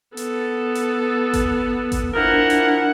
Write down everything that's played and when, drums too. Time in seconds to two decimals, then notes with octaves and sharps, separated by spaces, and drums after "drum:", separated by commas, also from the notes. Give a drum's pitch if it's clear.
0.17 B3 A4, drum: hi-hat
0.75 drum: hi-hat
1.34 drum: kick G1, hi-hat
1.92 drum: kick G1, hi-hat
2.14 F3 D4 E4 A#4 F#5
2.50 drum: hi-hat